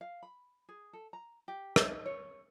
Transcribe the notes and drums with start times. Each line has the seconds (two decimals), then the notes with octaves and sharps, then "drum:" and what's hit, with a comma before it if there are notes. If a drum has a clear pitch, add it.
0.01 F5
0.23 B5
0.69 G#4
0.93 A4
1.13 A#5
1.48 G4
1.76 D#4, drum: rim click
2.06 C#5